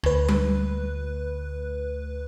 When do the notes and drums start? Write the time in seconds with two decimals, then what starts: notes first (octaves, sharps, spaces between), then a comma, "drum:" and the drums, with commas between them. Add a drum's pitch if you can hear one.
0.03 D2 B4, drum: rim click
0.28 drum: tom G3